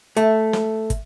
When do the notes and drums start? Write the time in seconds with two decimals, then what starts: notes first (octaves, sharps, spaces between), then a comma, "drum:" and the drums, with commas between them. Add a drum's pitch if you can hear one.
0.17 A3, drum: hi-hat
0.53 drum: snare
0.90 drum: kick, hi-hat